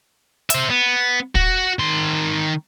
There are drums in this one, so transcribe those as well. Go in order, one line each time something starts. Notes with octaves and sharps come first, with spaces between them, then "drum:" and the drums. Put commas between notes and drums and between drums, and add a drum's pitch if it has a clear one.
C5 E5, drum: hi-hat
B3
F#4, drum: kick
D#3 C6